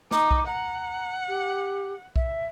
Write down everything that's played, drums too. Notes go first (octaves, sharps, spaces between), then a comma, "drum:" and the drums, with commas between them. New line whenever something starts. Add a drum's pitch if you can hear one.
D#4 D6, drum: snare
drum: kick B1
F#5 A#5
G4
E5, drum: kick B1